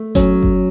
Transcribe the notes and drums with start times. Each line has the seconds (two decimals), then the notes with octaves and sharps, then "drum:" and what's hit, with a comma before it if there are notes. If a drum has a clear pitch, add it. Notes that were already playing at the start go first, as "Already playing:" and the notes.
Already playing: A3
0.15 F#3 C#4, drum: kick G1, hi-hat
0.43 drum: kick G1